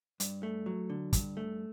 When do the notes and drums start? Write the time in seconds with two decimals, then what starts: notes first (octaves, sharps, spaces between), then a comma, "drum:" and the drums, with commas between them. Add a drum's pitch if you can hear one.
0.20 G2, drum: hi-hat
0.43 A3
0.66 F#3
0.90 D3
1.13 G2, drum: kick, hi-hat
1.37 A3